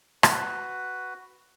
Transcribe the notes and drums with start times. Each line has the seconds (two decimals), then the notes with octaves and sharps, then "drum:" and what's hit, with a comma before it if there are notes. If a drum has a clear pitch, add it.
0.23 F#4 B4, drum: rim click